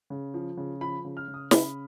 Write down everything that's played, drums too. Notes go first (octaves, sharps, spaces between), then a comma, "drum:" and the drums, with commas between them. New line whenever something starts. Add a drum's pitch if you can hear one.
C#3
F3
C#3
F3 B5
C#3
F6
C#3
D#6
C#3 B5, drum: snare